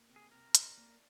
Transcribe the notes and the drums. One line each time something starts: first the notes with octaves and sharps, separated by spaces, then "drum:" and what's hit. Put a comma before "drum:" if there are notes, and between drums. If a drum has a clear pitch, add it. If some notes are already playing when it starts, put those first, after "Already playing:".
Already playing: A#3
C3
G#4
C3 A#4
D4, drum: hi-hat
A#3